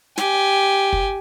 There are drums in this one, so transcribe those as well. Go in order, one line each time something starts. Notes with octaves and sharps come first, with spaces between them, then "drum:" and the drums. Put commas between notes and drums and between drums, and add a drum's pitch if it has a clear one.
G4 G#5, drum: snare
drum: kick